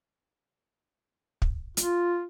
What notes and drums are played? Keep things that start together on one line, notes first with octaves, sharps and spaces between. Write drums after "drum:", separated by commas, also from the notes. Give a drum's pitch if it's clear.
drum: kick
F4, drum: hi-hat